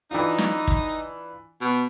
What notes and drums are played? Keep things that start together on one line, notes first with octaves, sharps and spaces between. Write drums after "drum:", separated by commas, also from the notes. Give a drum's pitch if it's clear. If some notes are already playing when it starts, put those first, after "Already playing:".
E3 D4 D#4 F4
drum: snare
drum: kick
B2